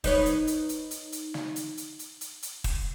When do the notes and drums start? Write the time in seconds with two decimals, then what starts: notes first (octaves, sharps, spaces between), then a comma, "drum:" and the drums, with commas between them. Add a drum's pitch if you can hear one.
0.04 D#4 B4 C#5, drum: kick, open hi-hat
0.26 drum: hi-hat
0.47 drum: hi-hat
0.69 drum: hi-hat
0.91 drum: hi-hat
1.12 drum: hi-hat
1.34 drum: snare
1.56 drum: hi-hat
1.77 drum: hi-hat
1.99 drum: hi-hat
2.21 drum: hi-hat
2.43 drum: hi-hat
2.64 drum: kick, open hi-hat